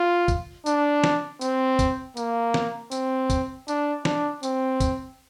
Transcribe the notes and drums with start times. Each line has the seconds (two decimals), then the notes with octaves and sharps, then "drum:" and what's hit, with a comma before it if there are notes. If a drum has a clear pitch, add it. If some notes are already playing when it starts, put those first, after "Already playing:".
Already playing: F4
0.28 drum: kick, tambourine
0.66 D4, drum: tambourine
1.04 drum: snare
1.41 C4, drum: tambourine
1.79 drum: kick, tambourine
2.17 A#3, drum: tambourine
2.54 drum: snare
2.91 C4, drum: tambourine
3.30 drum: kick, tambourine
3.68 D4, drum: tambourine
4.05 D4, drum: snare
4.43 C4, drum: tambourine
4.80 drum: kick, tambourine